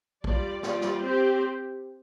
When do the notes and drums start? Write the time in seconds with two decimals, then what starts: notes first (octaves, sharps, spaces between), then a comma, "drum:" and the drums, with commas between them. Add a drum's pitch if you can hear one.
0.24 G3 F4 D5, drum: kick
0.63 G3 F4 D5, drum: snare
0.81 drum: snare
1.01 C4 G4 C5